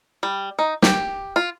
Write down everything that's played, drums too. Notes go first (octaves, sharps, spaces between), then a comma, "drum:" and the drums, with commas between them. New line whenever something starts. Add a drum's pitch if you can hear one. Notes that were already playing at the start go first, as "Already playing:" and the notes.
G3
D#4
G4, drum: snare
F4